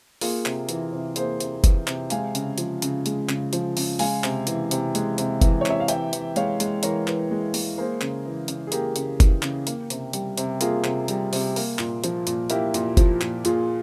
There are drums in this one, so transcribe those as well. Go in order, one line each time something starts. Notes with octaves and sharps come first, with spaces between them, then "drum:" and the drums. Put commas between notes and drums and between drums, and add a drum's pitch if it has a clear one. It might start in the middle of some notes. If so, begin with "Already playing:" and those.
A#3 F4 G#4, drum: open hi-hat
C3, drum: clap
E3, drum: hi-hat
C3
A#3 G#4 C5, drum: hi-hat
C3, drum: hi-hat
E3, drum: kick F#1, hi-hat
C3, drum: clap
G#3 F5 G#5, drum: hi-hat
C#3, drum: hi-hat
F3, drum: hi-hat
C#3, drum: hi-hat
G#3, drum: hi-hat
C#3, drum: clap
F3, drum: hi-hat
C#3, drum: open hi-hat
G#3 F5 G#5, drum: open hi-hat
C3, drum: clap
E3, drum: hi-hat
C3, drum: hi-hat
G#3, drum: hi-hat
C3, drum: hi-hat
E3, drum: kick F#1, hi-hat
C#5
C3 E5, drum: clap
F5
E3 E5 G5, drum: hi-hat
E3, drum: hi-hat
G#3 C#5 F5, drum: hi-hat
G#3, drum: hi-hat
E3 A#4 C#5, drum: hi-hat
E3, drum: clap
G#3
G#3, drum: open hi-hat
A#3 G#4 C5
C#3, drum: clap
E3
C#3, drum: hi-hat
G#4
A#3 G4 A#4, drum: hi-hat
C#3, drum: hi-hat
E3, drum: kick F#1, hi-hat
C#3, drum: clap
A#3, drum: hi-hat
C3, drum: hi-hat
G3, drum: hi-hat
C3, drum: hi-hat
A#3 F4 G#4, drum: hi-hat
C3, drum: clap
G3, drum: hi-hat
C3, drum: open hi-hat
A#3, drum: open hi-hat
A#2, drum: clap
F3, drum: hi-hat
A#2, drum: hi-hat
A#3 E4 G4, drum: hi-hat
A#2, drum: hi-hat
F3, drum: kick F#1, hi-hat
A#2, drum: clap
A#2 F4 G#4, drum: hi-hat